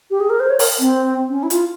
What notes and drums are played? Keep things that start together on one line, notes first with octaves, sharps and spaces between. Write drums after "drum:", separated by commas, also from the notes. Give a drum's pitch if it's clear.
G4
G#4
A#4
C5
C#5
A#4, drum: open hi-hat
C4
C#4
E4
F4, drum: hi-hat